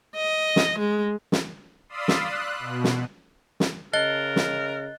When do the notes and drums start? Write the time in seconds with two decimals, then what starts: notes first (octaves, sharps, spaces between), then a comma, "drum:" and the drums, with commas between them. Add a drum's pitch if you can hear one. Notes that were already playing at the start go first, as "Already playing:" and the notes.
0.15 D#5
0.56 drum: snare
0.78 G#3
1.32 drum: snare
1.89 D5 F5 B5 C6 D#6 E6
2.08 drum: snare
2.23 F#6
2.59 B2
2.84 drum: snare
3.60 drum: snare
3.93 C#3 A#4 D#5 F#6 A6 G7
4.36 drum: snare